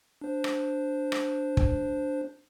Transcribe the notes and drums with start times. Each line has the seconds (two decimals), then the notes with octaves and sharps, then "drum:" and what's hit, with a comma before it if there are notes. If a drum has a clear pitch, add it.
0.21 D4 C5
0.44 drum: rim click
1.12 drum: rim click
1.57 drum: kick